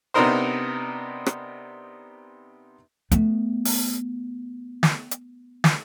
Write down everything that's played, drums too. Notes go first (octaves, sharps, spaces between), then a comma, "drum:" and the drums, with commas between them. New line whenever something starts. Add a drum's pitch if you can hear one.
C3 B3 D4 D#4 A#4 C5
drum: rim click
A3 B3, drum: hi-hat
drum: open hi-hat
drum: snare
drum: hi-hat
drum: snare